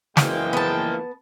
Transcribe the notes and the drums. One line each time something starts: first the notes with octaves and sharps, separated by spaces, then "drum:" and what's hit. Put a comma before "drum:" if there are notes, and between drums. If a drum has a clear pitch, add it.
F#1 E3 F3 G#3 A#3 G5, drum: snare
B3 A5